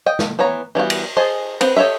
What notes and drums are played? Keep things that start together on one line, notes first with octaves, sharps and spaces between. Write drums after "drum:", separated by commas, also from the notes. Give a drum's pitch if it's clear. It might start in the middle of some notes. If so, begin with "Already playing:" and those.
D#5 G5
drum: snare
E3 B3 C#5 A#5
E3 G3 B3 F#4
drum: cymbal
G#4 C5 D#5 A5
C4 B4, drum: cymbal
G4 A4 C#5 D#5 E5